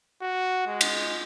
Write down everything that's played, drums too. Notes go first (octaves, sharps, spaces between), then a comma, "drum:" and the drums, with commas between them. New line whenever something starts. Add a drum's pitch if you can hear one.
F#4
G#3
drum: cymbal